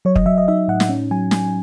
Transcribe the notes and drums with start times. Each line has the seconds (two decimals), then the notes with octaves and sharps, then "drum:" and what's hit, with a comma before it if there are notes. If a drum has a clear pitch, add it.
0.05 F#3 C#5
0.16 D#5, drum: kick
0.26 F#3 E5
0.38 D#5
0.48 D#4 E5
0.68 A2 F#5
0.80 drum: snare
0.89 C#4
1.11 F#3 G#5
1.31 F#3 G#5, drum: snare